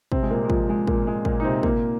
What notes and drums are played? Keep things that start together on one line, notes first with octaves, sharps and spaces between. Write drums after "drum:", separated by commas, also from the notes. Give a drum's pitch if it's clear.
C3 C4, drum: kick
G#3
A#2 A#3
G#3
F3, drum: kick
G#3
A#2 A#3, drum: kick
G#3
A#2 A#3, drum: kick
D#4
C3 C4
A#2 A#3, drum: kick